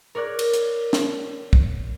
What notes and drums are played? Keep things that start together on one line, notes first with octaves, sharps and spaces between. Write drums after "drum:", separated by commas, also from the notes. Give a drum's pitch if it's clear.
A#4 C#5 D5 F#6 G#6
drum: cymbal
drum: hi-hat
drum: snare
drum: kick